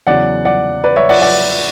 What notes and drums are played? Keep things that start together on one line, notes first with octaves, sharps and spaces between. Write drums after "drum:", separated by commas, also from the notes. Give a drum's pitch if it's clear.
E2 C#3 F#3 D5 F#5
D5 F#5
B4 D5
C#5 E5
D5 F#5, drum: cymbal
D5 F#5